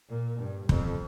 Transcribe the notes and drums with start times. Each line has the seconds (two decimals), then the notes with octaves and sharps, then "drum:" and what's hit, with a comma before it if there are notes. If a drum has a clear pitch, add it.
0.09 A#2
0.39 G2
0.69 F2, drum: kick